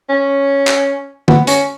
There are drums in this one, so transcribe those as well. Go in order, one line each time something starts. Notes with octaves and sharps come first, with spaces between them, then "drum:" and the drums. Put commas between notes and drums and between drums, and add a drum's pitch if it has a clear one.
C#4
drum: clap
B3, drum: tom
C#4, drum: hi-hat